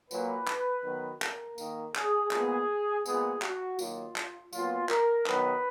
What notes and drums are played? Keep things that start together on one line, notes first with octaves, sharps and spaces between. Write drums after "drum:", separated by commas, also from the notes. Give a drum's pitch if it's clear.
A#2 F#3 A#3 B4, drum: tambourine
drum: clap
D#3 F#3 B3
A#4, drum: clap
D#3 A#3, drum: tambourine
G#4, drum: clap
A#2 G#3 B3 G#4, drum: clap
A#2 G#3 B3 G#4, drum: tambourine
F#4, drum: clap
D#3 F#3 A#3 F4, drum: tambourine
drum: clap
A#2 F#3 B3 F4, drum: tambourine
A#4, drum: clap
D#3 F#3 B3 B4, drum: clap